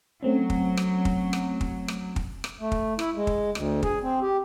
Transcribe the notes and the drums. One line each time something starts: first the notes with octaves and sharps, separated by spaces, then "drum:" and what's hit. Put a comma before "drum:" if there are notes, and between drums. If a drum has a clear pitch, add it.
F#3 A3 C4 C#4
drum: kick
drum: rim click
drum: kick
drum: rim click
drum: kick
drum: rim click
drum: kick
drum: rim click
A3
drum: kick
E4, drum: rim click
G#3
drum: kick
D2, drum: rim click
G#4, drum: kick
C4
G4